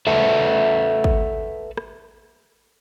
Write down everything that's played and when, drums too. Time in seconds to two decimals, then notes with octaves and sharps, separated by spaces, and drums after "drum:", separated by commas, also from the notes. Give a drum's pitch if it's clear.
0.07 A4 B4 E5 F#5 A5
1.04 drum: kick
1.77 drum: rim click